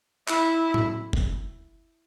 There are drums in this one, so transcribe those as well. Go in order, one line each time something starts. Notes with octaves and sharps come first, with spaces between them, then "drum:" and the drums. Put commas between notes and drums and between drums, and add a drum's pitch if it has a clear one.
E4, drum: clap
drum: tom A2
drum: kick